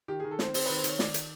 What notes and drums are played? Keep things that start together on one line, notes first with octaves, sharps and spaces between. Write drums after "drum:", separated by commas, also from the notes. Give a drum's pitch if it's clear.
D#3 G4
D#3 G#4
A4
C4 C5, drum: snare
C4 C5, drum: open hi-hat
D#3 B4
C5
D#3 C#5, drum: hi-hat
D#3 D5, drum: snare
D#3, drum: hi-hat